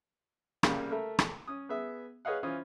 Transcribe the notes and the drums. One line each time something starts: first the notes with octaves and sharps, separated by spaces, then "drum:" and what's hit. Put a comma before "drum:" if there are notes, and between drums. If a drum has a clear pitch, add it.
C2 C#3 G3 A#3 F5 F#5, drum: rim click
A3 A#4 E5
drum: rim click
C#4 D#6
B3 G#4 E5
G#4 B4 C#5 D#5 F5 F#5
E3 C#4 F4 C5 D#6